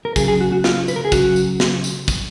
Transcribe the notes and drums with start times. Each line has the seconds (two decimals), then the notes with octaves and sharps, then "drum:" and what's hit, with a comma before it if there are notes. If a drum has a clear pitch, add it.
0.05 A#4
0.16 C#3 F#3 G#4, drum: kick, tambourine
0.28 G#4
0.41 F#4
0.52 F#4
0.64 F4, drum: snare
0.88 B4, drum: tambourine
0.96 A#4
1.05 G#4
1.12 C#3 F#3 F#4, drum: kick, tambourine
1.36 drum: tambourine
1.60 drum: snare
1.84 drum: tambourine
2.08 drum: kick, tambourine